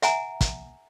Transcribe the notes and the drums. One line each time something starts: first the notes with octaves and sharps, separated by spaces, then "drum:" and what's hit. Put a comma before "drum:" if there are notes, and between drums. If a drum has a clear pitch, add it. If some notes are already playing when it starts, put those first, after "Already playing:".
E5 F#5 G#5 A#5, drum: hi-hat
drum: kick, hi-hat